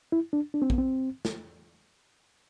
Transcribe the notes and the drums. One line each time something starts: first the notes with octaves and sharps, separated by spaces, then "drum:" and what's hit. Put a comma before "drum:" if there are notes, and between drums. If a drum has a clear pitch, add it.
E4
D4
D4
C4
B3, drum: kick
C4
drum: snare